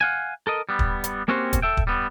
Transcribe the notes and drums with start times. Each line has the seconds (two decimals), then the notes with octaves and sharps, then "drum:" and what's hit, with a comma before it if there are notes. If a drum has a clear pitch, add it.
0.01 F5 F#5 G#5
0.47 A4 A#4 D#5
0.69 G3 B3
0.79 drum: kick
1.04 drum: hi-hat
1.28 A#3 C4 C#4 F#4 G4 C5
1.53 drum: kick, hi-hat
1.62 A4 E5 G5
1.77 drum: kick
1.87 G3 B3